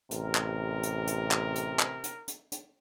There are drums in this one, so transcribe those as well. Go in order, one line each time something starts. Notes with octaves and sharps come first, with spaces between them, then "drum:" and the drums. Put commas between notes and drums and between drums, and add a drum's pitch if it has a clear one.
A1 C3 A#4, drum: hi-hat
drum: clap
drum: hi-hat
drum: hi-hat
drum: clap
drum: hi-hat
drum: clap
drum: hi-hat
drum: hi-hat
drum: hi-hat